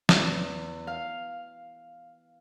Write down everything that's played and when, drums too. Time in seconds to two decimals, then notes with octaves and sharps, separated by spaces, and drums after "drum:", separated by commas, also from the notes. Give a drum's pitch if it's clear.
0.09 E2, drum: snare
0.87 F5